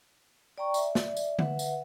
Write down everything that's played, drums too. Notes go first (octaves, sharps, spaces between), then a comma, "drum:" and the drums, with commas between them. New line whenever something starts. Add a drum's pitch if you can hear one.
D5 G5 A#5 C#6
D5 E5, drum: tambourine
drum: snare
drum: tambourine
B4 E5 F#5, drum: tom D3
drum: tambourine